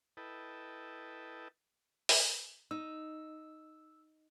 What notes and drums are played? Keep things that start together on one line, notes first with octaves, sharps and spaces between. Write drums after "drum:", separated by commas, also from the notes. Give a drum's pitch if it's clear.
E4 A4 B4 D#5 G5 A5
drum: open hi-hat
D#4 E6